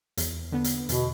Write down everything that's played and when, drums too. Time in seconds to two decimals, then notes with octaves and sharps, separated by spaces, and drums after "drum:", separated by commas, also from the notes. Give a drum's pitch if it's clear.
0.17 E2, drum: hi-hat
0.52 D3 B3
0.64 drum: hi-hat
0.89 E2 B2, drum: hi-hat